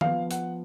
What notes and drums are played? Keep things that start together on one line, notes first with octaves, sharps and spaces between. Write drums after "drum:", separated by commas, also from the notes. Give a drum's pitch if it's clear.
F3 B3 F5, drum: tom D#3
F#5, drum: hi-hat